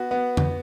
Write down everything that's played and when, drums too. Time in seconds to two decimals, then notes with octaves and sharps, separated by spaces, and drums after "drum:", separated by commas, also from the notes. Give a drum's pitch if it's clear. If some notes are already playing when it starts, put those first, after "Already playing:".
Already playing: B3 F#4
0.11 B3
0.37 drum: tom